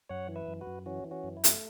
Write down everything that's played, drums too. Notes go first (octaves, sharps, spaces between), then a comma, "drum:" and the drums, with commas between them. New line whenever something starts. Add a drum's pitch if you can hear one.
F#2 C#5 F#5
E3
B4 E5
F#2
F#4 B4
F#2
E3 C#4 F#4
E3
C#4 F#4
F#2
E4
A3, drum: hi-hat